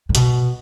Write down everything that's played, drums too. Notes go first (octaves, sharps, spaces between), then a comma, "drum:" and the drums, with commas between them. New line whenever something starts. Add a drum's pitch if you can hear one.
A2
B2, drum: hi-hat